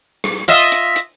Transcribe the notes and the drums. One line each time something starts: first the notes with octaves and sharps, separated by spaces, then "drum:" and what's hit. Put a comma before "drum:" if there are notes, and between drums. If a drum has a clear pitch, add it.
drum: rim click
F4 D#5 E5, drum: hi-hat
drum: hi-hat
drum: hi-hat